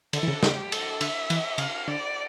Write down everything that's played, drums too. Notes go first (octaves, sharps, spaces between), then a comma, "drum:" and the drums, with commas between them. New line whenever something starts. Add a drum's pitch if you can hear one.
D3 A4, drum: cymbal
E3
C#3
D3
C#3 G4, drum: snare
A4, drum: cymbal
D3 E5, drum: cymbal
E3, drum: cymbal
C#3 F5, drum: cymbal
D3 D5